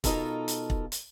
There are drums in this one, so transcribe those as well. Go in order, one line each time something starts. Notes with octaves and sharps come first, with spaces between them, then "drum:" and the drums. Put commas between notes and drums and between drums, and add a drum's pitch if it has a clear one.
B2 D#4 F4 A4 A#4, drum: kick, hi-hat
drum: hi-hat
drum: kick
drum: hi-hat